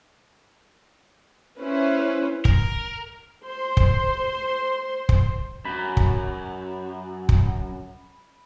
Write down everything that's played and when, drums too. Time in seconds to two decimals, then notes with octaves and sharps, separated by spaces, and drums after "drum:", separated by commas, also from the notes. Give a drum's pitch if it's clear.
1.60 C#4 E4 B4 C5
2.45 A#4, drum: kick
3.44 C5 C6
3.77 drum: kick
5.09 drum: kick
5.65 F#2 B5
5.97 drum: kick
7.29 drum: kick